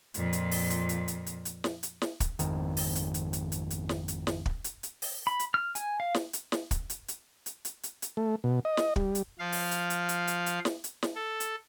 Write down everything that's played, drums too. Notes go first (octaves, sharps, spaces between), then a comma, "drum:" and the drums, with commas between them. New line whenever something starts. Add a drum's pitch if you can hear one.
F2 A#2, drum: hi-hat
drum: hi-hat
drum: open hi-hat
drum: hi-hat
drum: hi-hat
drum: hi-hat
drum: hi-hat
drum: hi-hat
drum: snare
drum: hi-hat
drum: snare
drum: kick, hi-hat
G#1 F2 D#3, drum: hi-hat
drum: open hi-hat
drum: hi-hat
drum: hi-hat
drum: hi-hat
drum: hi-hat
drum: hi-hat
drum: snare
drum: hi-hat
drum: snare
drum: kick
drum: hi-hat
drum: hi-hat
drum: open hi-hat
B5
drum: hi-hat
F6
G#5, drum: hi-hat
F5
drum: snare
drum: hi-hat
drum: snare
drum: kick, hi-hat
drum: hi-hat
drum: hi-hat
drum: hi-hat
drum: hi-hat
drum: hi-hat
drum: hi-hat
A3
B2
D#5
drum: snare
G3, drum: kick
drum: hi-hat
F3 F5
drum: open hi-hat
drum: hi-hat
drum: hi-hat
drum: hi-hat
drum: hi-hat
drum: hi-hat
drum: snare
drum: hi-hat
drum: snare
A4
drum: hi-hat